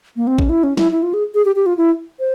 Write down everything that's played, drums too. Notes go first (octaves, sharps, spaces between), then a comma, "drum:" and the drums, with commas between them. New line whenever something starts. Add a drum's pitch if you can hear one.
A#3
C4
C#4, drum: kick
E4
C#4
E4, drum: snare
E4
F4
G#4
G#4
G4
G4
F4
E4
C5